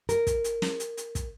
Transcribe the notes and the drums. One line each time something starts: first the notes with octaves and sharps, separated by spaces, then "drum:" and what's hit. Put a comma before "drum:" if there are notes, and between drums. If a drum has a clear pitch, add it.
A#4, drum: hi-hat
drum: kick, hi-hat
drum: hi-hat
drum: snare
drum: hi-hat
drum: hi-hat
drum: kick, hi-hat